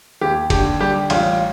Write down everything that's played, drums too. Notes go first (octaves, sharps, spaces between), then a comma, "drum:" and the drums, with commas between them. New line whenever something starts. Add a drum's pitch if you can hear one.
D#2 G4
D3 G4, drum: kick, cymbal
G3 G4
A1 F4, drum: cymbal